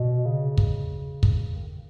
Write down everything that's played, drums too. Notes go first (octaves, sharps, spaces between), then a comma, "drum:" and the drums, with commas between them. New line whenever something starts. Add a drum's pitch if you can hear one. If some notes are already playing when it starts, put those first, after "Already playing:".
Already playing: B2
C#3
drum: kick
drum: kick
D#3
C#3